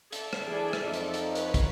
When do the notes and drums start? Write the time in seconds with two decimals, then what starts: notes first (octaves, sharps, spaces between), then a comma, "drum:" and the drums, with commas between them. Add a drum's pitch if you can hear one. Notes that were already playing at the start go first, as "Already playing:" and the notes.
0.12 A4 D5 E5, drum: hi-hat
0.33 drum: rim click
0.47 E3 D4 G#4
0.73 drum: rim click
0.83 F2 D#4
0.93 drum: hi-hat
1.14 drum: hi-hat
1.35 B4 C#5, drum: hi-hat
1.54 drum: kick, hi-hat